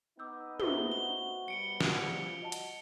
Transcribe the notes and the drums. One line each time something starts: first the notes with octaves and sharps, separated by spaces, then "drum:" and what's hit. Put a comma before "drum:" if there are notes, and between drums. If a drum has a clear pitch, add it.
B3 D#4 D6 E6 G6
A4 B4 C5 E5 G7, drum: tom
F#4 G7
B2 G3 C#7 D7 G7
F3 F7, drum: snare
F#4 D#5 A5
drum: hi-hat